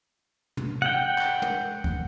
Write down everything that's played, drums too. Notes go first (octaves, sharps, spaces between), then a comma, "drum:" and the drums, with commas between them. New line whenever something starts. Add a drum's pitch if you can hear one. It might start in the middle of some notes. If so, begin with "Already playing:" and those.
drum: tom
F#5 G5
drum: clap
drum: tom
drum: kick C2